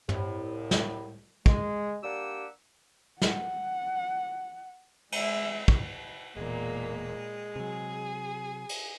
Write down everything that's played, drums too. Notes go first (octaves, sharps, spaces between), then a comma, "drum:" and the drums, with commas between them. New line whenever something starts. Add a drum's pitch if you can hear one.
C2 A2, drum: tom
drum: snare
G#3, drum: kick
G3 A#3 D4 G4 F#5 E6
F#5, drum: snare
G#3 E5, drum: cymbal
drum: kick
E1 E2 A#2 G#3 A#3
C3 F#3 G#4
drum: cymbal